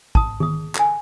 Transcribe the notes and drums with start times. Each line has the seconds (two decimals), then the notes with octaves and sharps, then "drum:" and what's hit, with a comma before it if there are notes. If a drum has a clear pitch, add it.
0.15 A5 D#6, drum: kick
0.40 G#4 D#6, drum: tom D#3
0.75 A4 G#5, drum: clap